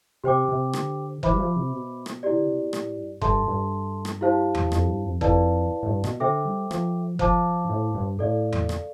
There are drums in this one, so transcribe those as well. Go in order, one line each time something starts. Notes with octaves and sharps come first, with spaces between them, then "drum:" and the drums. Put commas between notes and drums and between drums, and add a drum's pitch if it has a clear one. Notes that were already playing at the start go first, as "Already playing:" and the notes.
C3 G4 C5 G5 D6
C3
D3, drum: rim click
E3 C5 E5 B5 D6, drum: kick F#1
G3
F3
C3
B2
drum: rim click
E4 G4 D5
D3
C3
B2
A2, drum: rim click
G2
G2 A4 E5 A5 C6, drum: kick F#1
G2
drum: rim click
E4 G4 C5 F5 A5
drum: tom E2
F2, drum: rim click
G2
F2
F2 E4 B4 D5 F5 A5, drum: kick F#1
A2
G2
B2, drum: rim click
D3 A4 C5 E5 G5 D6
G3
F3, drum: rim click
F3 C5 F5 A5 D6, drum: kick F#1
G2
A2
G2
A2 A4 D5 F5
drum: tom E2
drum: rim click